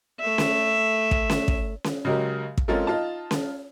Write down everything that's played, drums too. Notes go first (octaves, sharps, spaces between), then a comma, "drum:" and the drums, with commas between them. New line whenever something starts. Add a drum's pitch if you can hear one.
A3 E5
drum: snare C#4
drum: kick
drum: snare C#4
drum: kick
drum: snare C#4
C#3 F#3 G#3 G4 A#4
drum: kick
G#3 C4 C#4 F4 A4 A#4
D#4 F4 A5
drum: snare C#4